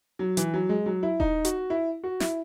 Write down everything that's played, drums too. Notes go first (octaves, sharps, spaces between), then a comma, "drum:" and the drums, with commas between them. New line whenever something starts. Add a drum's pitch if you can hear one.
F#3
E3, drum: hi-hat
F#3
G#3
F#3
E4
D#4, drum: kick D#1
F#4, drum: hi-hat
E4
F#4
E4, drum: snare